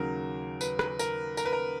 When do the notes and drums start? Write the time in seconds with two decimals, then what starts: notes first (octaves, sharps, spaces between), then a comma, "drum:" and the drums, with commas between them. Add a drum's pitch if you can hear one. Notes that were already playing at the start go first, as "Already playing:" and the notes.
Already playing: D#2 C#3 F#3 A#4
0.61 B4, drum: tambourine
0.79 B4, drum: rim click
0.99 A#4, drum: tambourine
1.37 A#4, drum: tambourine
1.45 B4
1.53 A#4